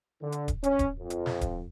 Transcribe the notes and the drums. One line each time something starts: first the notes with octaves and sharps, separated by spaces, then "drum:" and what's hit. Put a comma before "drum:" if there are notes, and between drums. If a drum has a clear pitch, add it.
D3
drum: hi-hat
drum: kick D1, hi-hat
C#4, drum: hi-hat
drum: kick D1, hi-hat
F2
drum: hi-hat
drum: snare
drum: kick D1, hi-hat